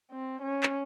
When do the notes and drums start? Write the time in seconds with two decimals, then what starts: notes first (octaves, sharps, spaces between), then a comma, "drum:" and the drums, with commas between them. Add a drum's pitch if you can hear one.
0.11 C4
0.42 C#4
0.63 drum: clap